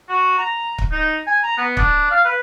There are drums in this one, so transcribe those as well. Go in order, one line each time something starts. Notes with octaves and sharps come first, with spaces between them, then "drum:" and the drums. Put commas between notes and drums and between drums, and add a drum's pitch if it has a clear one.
F#4
A#5
drum: kick
D#4
G#5
A#5
B3
D4, drum: kick
F5
B4